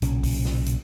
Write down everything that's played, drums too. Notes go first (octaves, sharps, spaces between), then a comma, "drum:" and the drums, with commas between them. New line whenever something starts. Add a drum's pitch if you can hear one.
B1 A#2 C#3 C#4, drum: hi-hat
drum: kick, open hi-hat
drum: snare
drum: hi-hat